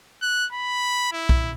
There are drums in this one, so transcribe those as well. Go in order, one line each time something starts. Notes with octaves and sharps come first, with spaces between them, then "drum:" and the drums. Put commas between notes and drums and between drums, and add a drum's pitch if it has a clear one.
F#6
B5
E4
drum: kick B1